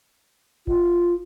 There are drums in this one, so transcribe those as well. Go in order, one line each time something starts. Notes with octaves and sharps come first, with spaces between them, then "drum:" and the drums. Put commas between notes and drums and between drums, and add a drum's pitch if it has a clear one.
F4, drum: kick G1